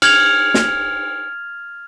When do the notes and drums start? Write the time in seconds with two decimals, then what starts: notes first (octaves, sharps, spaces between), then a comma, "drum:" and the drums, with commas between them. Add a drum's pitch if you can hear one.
0.02 F6 G#6 F7, drum: cymbal
0.54 drum: snare